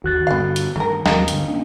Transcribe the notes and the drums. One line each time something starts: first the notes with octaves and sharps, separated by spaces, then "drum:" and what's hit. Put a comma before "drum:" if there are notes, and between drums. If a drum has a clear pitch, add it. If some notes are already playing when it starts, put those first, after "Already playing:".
G#1 D#2 F#4 F#6 A6
G2 D3 B3 F5
drum: hi-hat
G2 D#3 A3 A#4
D#2 F#3 A#4 D#5 F5 G5, drum: snare
G2 D3, drum: hi-hat
A#3 C#4 D4